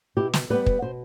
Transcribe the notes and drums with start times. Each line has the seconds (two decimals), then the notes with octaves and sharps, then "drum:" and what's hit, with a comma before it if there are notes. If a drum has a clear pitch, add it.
0.16 B2 E4 G4
0.33 drum: snare
0.50 G3 B3 G4 B4
0.66 drum: kick
0.82 B2 C5